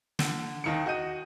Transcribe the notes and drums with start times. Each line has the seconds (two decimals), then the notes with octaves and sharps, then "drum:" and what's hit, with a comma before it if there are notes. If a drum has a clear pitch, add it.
0.19 D3, drum: snare
0.64 D#2 D#3 F5 C#7
0.86 F#4 D#5 G6 D#7